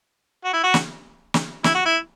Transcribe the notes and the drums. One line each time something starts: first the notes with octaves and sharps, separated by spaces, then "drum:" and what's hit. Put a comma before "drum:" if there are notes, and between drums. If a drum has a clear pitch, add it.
F#4
E4
F#4
drum: snare
drum: snare
E4, drum: snare
F#4
E4